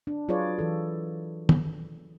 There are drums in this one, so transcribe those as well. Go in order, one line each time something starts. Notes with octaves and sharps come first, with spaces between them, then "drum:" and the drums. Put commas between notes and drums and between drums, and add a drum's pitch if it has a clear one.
D4
F#3 F4 G#4 B4 C#5 D5
E3 A4
drum: tom